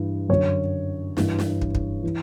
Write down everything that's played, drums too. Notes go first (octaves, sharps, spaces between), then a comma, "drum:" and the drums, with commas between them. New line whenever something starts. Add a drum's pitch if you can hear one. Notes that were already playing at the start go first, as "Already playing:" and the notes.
Already playing: G2 E3
F#2 D3 F#3 C#5
G2 E3, drum: snare
drum: snare
drum: kick
drum: kick
E3